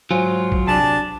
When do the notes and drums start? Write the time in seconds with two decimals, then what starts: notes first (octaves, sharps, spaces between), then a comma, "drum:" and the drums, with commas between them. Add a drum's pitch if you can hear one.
0.11 G#2 F#3 F4 C5 G#5
0.52 drum: kick
0.67 C3 D4 G4 G#4 A5